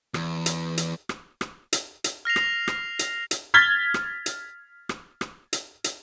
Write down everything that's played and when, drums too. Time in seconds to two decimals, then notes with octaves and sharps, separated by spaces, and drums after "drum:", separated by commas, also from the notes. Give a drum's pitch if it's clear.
0.14 E2, drum: rim click
0.46 drum: hi-hat
0.78 drum: hi-hat
1.09 drum: rim click
1.41 drum: rim click
1.73 drum: hi-hat
2.04 drum: hi-hat
2.25 F6 A#6 C7 F7
2.36 drum: rim click
2.68 drum: rim click
2.99 drum: hi-hat
3.31 drum: hi-hat
3.54 F6 G#6 A6 B6 G7
3.94 drum: rim click
4.26 drum: hi-hat
4.89 drum: rim click
5.21 drum: rim click
5.53 drum: hi-hat
5.84 drum: hi-hat